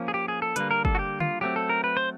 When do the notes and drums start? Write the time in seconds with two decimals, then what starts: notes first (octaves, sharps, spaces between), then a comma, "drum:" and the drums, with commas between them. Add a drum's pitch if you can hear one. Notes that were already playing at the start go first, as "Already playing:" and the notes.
Already playing: F3 A#3 C#4
0.08 G#4
0.14 G4
0.28 G#4
0.42 A4
0.56 D3 G3 A#3 B4, drum: hi-hat
0.71 A#4
0.85 A4, drum: kick
0.95 F#4
0.99 G4
1.20 F4, drum: tom D3
1.41 F#3 A3 C4 G4
1.56 A4
1.69 A#4
1.84 B4
1.97 C5